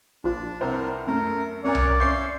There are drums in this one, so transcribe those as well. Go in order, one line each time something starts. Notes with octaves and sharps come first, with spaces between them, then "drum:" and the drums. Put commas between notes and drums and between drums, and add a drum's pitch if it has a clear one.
A#1 F3 D4
C2 B3 C4 D4 A#4 C5
F#2 A3 A#4
F#2 A#4 C#5 D5 F#5 G#5
drum: tom C2
C#4 E5 F5 C6 C#6 G6 C7